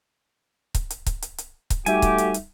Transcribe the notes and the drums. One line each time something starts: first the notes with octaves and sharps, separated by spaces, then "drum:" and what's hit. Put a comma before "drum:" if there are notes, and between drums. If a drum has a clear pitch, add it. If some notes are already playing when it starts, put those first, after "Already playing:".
drum: kick C#1, hi-hat
drum: hi-hat
drum: kick C#1, hi-hat
drum: hi-hat
drum: hi-hat
drum: kick C#1, hi-hat
G3 A3 D#4 F#4 G4 E5 G#5, drum: hi-hat
drum: kick C#1, hi-hat
drum: hi-hat
drum: hi-hat